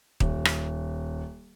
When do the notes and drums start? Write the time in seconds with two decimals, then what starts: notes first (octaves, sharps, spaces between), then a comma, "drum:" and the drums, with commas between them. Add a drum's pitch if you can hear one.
0.20 D#1, drum: kick D#1
0.45 drum: rim click